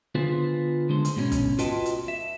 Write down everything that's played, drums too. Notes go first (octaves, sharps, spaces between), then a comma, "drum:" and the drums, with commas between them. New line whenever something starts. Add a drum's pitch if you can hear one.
D3 B3 F4 G#4 B4 C5
D3 G#3 C5
drum: hi-hat
G#2 B2 C#4
drum: kick, hi-hat
F4 F#4 B4 D#5 G5 A5, drum: hi-hat
drum: hi-hat
E5